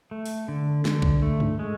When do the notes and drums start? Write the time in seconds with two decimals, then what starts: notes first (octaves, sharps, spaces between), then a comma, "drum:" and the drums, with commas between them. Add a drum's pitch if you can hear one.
0.11 A3
0.26 drum: open hi-hat
0.48 D3
0.85 D3, drum: snare
1.02 drum: kick B1
1.22 A3
1.40 drum: tom G2
1.59 G#3